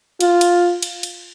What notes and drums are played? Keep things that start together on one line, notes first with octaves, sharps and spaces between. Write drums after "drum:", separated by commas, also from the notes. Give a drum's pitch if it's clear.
F4, drum: cymbal
drum: cymbal
drum: cymbal
drum: cymbal